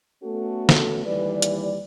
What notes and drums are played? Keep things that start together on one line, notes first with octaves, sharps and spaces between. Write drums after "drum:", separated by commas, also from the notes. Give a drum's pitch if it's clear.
A3 B3 C#4 F#4 A4
drum: snare
D#2 E3 G3 B4 D5
drum: hi-hat